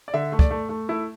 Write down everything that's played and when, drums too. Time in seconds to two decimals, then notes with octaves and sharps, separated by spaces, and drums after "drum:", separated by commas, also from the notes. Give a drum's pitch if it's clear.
0.08 D5
0.14 D3 E5
0.32 A3
0.39 D5, drum: kick
0.51 A3
0.69 A3
0.89 A3 E4